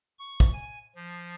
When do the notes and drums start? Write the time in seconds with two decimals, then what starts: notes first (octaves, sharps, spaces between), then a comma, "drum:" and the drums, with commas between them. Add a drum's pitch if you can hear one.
0.19 C#6
0.40 drum: kick
0.53 G#5
0.95 F3